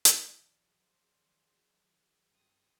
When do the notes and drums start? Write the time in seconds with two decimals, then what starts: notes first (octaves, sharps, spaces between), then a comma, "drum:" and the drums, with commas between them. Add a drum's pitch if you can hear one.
0.05 drum: hi-hat
0.19 E1 D#3 E3 F#3 G#4 D5
0.81 F3 C5
2.30 G2 G3 C4 D#6